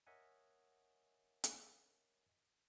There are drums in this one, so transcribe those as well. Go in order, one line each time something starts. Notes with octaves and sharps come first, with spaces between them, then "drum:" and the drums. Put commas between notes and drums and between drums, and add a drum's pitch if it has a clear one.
A#4 C#5 D#5 E5 F#5 G#5
drum: hi-hat